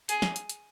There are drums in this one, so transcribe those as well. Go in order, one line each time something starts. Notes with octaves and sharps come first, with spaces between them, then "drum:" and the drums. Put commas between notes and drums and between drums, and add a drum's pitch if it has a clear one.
G#4, drum: hi-hat
drum: snare
drum: hi-hat
drum: hi-hat